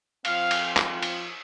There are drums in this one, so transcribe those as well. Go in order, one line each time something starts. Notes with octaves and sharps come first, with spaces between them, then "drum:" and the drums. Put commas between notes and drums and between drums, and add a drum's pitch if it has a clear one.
F3 C4 F4 F5, drum: cymbal
drum: cymbal
drum: clap
drum: cymbal